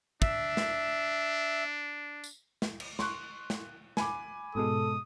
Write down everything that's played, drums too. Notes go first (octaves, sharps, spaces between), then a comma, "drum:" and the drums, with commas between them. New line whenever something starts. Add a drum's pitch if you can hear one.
D4 E5, drum: kick
drum: snare
drum: tambourine
drum: snare
drum: cymbal
C6 C#6 F#6, drum: snare
drum: snare
G#5 B5 D6, drum: snare
G#2 B2 G#3 A4 D#6